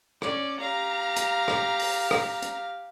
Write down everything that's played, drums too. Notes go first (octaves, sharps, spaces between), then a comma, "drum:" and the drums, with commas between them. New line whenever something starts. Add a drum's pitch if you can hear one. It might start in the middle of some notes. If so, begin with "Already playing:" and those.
C#4 D5, drum: rim click
G4 F5 A#5
drum: hi-hat
drum: rim click
drum: open hi-hat
drum: rim click
drum: hi-hat